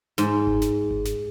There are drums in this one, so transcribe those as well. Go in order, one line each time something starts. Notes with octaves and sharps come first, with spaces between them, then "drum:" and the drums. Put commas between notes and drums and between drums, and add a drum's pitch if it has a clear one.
G#2, drum: snare
drum: kick G1
drum: snare
drum: kick G1
drum: snare